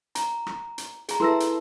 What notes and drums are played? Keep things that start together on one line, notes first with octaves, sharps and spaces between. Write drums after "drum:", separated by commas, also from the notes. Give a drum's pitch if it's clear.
A#5, drum: hi-hat
drum: rim click
drum: hi-hat
G#4 A#5, drum: hi-hat
E4 A4 B4 C6 E6 A#6
drum: hi-hat